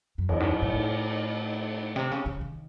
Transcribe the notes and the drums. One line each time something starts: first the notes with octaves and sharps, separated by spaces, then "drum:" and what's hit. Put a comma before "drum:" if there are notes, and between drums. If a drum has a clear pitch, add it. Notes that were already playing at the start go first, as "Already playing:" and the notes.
F#2
E2, drum: cymbal
F#2
F#2
A2
C3
C#3
C#3
D#3